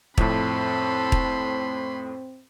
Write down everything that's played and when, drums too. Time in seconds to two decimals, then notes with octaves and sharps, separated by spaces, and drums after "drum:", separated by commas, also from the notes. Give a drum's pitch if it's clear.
0.18 F2 A2 C4 A4 B5 C6, drum: kick
1.12 drum: kick